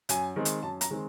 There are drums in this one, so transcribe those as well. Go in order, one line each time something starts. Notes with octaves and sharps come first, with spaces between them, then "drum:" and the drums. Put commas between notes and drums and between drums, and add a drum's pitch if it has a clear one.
F#2 G#5, drum: hi-hat
D#3 G#3 C4
drum: hi-hat
F#2 A5
A#5, drum: hi-hat
D#3 G#3 C4